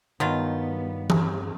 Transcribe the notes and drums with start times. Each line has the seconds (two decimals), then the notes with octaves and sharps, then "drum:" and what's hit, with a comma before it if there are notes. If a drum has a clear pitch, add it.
0.20 G2 B2 D#3 F#3 G3 B3 F4
1.10 drum: tom E3